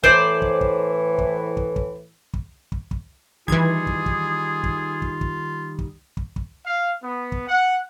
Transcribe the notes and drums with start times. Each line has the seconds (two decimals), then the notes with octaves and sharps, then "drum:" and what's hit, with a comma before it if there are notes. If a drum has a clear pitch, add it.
0.04 A2 E3 C5 D5, drum: kick
0.42 drum: kick
0.61 drum: kick
1.19 drum: kick
1.57 drum: kick
1.76 drum: kick
2.34 drum: kick
2.72 drum: kick
2.91 drum: kick
3.48 D#3 E3 G3 D#4 F4 G#4 G#6, drum: kick
3.87 drum: kick
4.06 drum: kick
4.64 drum: kick
5.02 drum: kick
5.21 drum: kick
5.79 drum: kick
6.17 drum: kick
6.36 drum: kick
6.64 F5
7.02 B3
7.32 drum: kick
7.48 F#5